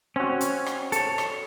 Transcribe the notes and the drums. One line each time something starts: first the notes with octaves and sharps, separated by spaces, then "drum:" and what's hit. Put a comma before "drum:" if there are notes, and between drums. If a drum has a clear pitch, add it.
C4 C#4 F#4
drum: hi-hat
drum: rim click
A4 C#5, drum: hi-hat
drum: rim click